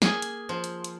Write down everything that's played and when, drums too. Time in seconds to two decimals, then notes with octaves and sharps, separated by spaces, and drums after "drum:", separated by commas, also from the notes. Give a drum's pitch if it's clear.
0.02 A#3 G#4 G#5, drum: snare
0.22 drum: hi-hat
0.49 F3
0.64 drum: hi-hat
0.84 drum: hi-hat